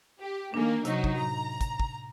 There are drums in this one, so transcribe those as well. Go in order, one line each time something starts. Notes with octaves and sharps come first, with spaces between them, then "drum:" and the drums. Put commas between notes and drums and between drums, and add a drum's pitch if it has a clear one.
G4
D#3 A#3 D4 A#4 G#5
C3 F#3 D#4 F#4, drum: hi-hat
drum: kick
A2 A#5
drum: kick, hi-hat
drum: kick